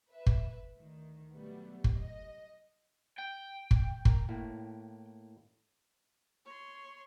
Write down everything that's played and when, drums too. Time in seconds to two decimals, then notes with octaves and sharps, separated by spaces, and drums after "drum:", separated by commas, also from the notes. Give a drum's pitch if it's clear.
0.11 B4 E5
0.26 drum: kick
0.77 D2 D#3
1.33 B2 F#3 G3 A3 B3
1.84 drum: kick
1.96 D#5
3.18 G5
3.71 drum: kick
4.05 A#4, drum: kick
4.29 A2 A#3 E4
6.45 C#5 C6